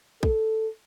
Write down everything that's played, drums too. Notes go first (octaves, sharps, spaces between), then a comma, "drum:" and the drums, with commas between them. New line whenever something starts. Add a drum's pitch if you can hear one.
A4, drum: kick